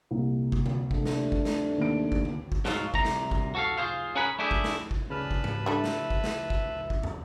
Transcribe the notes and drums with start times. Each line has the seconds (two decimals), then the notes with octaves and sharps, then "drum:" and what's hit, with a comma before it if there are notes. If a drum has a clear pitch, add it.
0.11 C2 A#2
0.52 drum: kick
0.66 drum: tom D3
0.91 C3 A3 D4, drum: kick
1.05 drum: snare
1.32 drum: kick
1.45 drum: snare
1.78 D#2 D7
2.12 drum: kick
2.25 drum: tom D3
2.52 drum: kick
2.65 G#2 B2 F3 F#3 F4, drum: snare
2.94 C2 C3 A#5, drum: kick
3.05 drum: snare
3.31 drum: kick
3.55 F#4 A4 F5
3.77 F4 G#4 C5 F5
4.15 C#4 G#4 A#4 F#5 G#5 B5
4.39 A3 D4 E4 G4 G#4
4.51 drum: kick
4.64 drum: snare
4.91 drum: kick
5.10 C#3 G#4 B4 D5 A5 B5 F6
5.31 drum: kick
5.44 drum: tom G#2
5.66 G3 D4 A4 E5
5.84 drum: snare
6.10 drum: kick
6.24 drum: snare
6.50 drum: kick
6.90 drum: kick
7.03 drum: tom